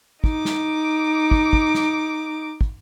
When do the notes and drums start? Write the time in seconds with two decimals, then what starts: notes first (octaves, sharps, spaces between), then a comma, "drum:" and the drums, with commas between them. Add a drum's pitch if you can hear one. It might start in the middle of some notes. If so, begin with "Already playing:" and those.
0.24 D#4 D6, drum: kick
0.45 drum: snare
1.31 drum: kick
1.53 drum: kick
1.74 drum: snare
2.61 drum: kick